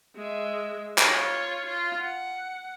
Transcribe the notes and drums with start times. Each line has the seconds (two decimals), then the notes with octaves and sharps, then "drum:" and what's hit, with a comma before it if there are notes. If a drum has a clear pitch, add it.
0.15 G#3 E5
0.98 drum: clap
1.08 F4 C#5
1.66 F4
2.00 F#5